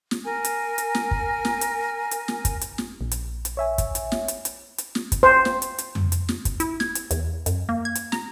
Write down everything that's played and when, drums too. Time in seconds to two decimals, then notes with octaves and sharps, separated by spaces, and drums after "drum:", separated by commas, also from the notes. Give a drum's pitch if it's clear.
0.11 drum: snare
0.24 A#4 G#5
0.45 drum: hi-hat
0.78 drum: hi-hat
0.95 drum: snare
1.11 drum: kick
1.45 drum: snare
1.61 drum: hi-hat
2.11 drum: hi-hat
2.28 drum: snare
2.45 drum: kick, hi-hat
2.61 drum: hi-hat
2.78 drum: snare
3.01 A#1
3.12 drum: hi-hat
3.45 drum: hi-hat
3.57 C#5 E5 G#5
3.78 drum: kick, hi-hat
3.95 drum: hi-hat
4.12 drum: snare
4.28 drum: hi-hat
4.45 drum: hi-hat
4.78 drum: hi-hat
4.95 drum: snare
5.12 drum: kick, hi-hat
5.23 C5
5.45 drum: snare
5.62 drum: hi-hat
5.78 drum: hi-hat
5.95 drum: tom F2
6.12 drum: hi-hat
6.29 drum: snare
6.45 drum: kick, hi-hat
6.60 E4, drum: hi-hat
6.80 G#6, drum: snare
6.95 drum: hi-hat
7.11 E2, drum: hi-hat
7.46 F#2, drum: hi-hat
7.69 A#3
7.85 G#6
7.95 drum: hi-hat
8.12 A#5, drum: snare